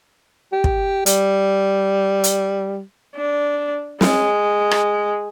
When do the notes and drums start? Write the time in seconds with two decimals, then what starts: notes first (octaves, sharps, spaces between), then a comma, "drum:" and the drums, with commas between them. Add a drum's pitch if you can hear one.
0.53 G4
0.64 drum: kick
1.06 G3, drum: hi-hat
2.24 drum: hi-hat
3.16 D4
4.01 G#3, drum: snare
4.71 drum: rim click